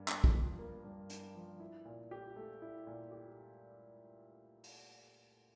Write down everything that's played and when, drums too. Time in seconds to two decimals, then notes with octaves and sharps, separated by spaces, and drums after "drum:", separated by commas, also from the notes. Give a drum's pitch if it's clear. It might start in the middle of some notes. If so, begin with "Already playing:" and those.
Already playing: G2 A#3
0.08 D4, drum: clap
0.24 drum: kick
0.33 F3
0.59 A#3
0.84 G2
1.09 D4, drum: hi-hat
1.35 F3
1.60 E4
1.85 A#2
2.11 G4
2.36 A3
2.62 E4
2.87 A#2
3.11 G4
4.63 drum: open hi-hat